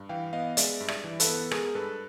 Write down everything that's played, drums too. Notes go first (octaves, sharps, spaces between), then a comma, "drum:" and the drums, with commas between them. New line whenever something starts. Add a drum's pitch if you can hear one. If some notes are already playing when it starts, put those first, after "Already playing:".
Already playing: G2
E3 F5 G5
B3 D#5 F5
G#3 D5 E5, drum: hi-hat
G2
D5 E5, drum: rim click
E3
A4 B4, drum: hi-hat
B3
G#3 G#4 A#4, drum: rim click
G2 A4 B4